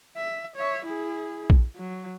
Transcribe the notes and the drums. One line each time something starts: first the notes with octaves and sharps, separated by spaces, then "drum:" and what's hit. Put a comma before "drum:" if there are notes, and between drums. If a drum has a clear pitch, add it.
E5
C#5 E5
E4 G#4
drum: kick A#1
F#3